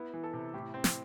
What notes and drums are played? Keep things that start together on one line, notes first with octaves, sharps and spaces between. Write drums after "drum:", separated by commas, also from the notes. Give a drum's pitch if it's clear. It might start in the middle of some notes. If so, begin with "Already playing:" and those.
Already playing: B3 E4
E3
A4
C3
A2 G4
C4
drum: snare